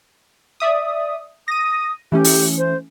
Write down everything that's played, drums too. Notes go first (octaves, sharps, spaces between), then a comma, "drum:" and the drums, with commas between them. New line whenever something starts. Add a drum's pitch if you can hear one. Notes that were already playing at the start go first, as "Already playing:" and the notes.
D5 E5 D#6
D#6 A#6 D#7
E3 A3 C#4 G4
drum: open hi-hat
C5